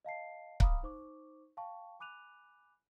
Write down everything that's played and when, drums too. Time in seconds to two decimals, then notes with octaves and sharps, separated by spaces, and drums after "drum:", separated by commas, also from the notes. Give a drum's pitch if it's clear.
0.05 D#5 F5 A5 C7
0.60 F5 A#5 B5 D6 D#6 F6, drum: kick C#1
0.83 D#4 C5 C#6 D6
1.57 F5 G5 A5 C#6
1.99 G#5 B5 D6 F#6 D#7 F7